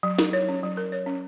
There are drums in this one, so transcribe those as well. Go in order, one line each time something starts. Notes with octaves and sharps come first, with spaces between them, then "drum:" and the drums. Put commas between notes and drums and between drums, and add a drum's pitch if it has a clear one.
F#3
A#4, drum: snare
C#5
C#4
F#3
A#4
C#5
C#4